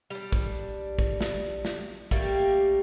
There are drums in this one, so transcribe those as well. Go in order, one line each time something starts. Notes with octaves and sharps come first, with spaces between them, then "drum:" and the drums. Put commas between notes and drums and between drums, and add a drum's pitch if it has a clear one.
G3 D4
drum: kick A#1
drum: kick A#1
drum: snare
drum: snare
G3 A3 A#3 G4, drum: kick A#1